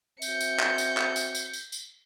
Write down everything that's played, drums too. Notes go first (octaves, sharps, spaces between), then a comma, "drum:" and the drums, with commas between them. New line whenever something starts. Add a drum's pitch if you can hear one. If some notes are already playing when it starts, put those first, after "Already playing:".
C4 F#4 E5 G6 C#7, drum: tambourine
drum: tambourine
drum: clap
drum: tambourine
drum: clap
drum: tambourine
drum: tambourine
drum: tambourine
drum: tambourine